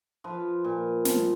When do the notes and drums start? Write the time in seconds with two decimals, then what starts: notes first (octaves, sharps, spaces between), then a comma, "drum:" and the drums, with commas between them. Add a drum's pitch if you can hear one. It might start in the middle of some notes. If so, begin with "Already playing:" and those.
0.24 F3 B4
0.64 A#2
1.05 F3, drum: snare